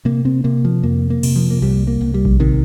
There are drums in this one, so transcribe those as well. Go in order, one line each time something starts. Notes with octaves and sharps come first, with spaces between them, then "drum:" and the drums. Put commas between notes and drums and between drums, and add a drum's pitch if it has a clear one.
C3 A#3
C4
C3 A#3
F3
F2 A#3
A#3
C3, drum: cymbal
F3
A#3
C2 G3
A#3
C2
G3
drum: kick A#1
C3 D#3